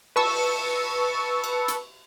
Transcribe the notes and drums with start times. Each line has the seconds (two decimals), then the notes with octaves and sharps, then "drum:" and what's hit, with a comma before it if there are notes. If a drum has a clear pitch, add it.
0.16 B4 A5 C#6 E6, drum: cymbal
1.44 drum: cymbal
1.68 drum: hi-hat